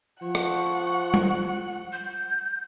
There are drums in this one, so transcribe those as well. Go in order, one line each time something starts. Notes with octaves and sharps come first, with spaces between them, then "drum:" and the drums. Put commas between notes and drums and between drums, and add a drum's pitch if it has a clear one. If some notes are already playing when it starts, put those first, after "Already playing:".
F3 F#5 C#6
drum: rim click
drum: tom G3
G6